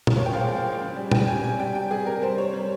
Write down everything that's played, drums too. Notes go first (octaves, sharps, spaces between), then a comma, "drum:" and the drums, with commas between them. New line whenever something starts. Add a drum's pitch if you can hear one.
drum: tom
A#2 C#5
G5
F3 G#3 F5
A#2 G5
F3 G#3
C#3
G3
C#3 G5, drum: tom
G3 G#5
C3 G#5
G3 G5
C3 G5
G3 G#4
C3 A#4
G3 C5
C3 C#5
G3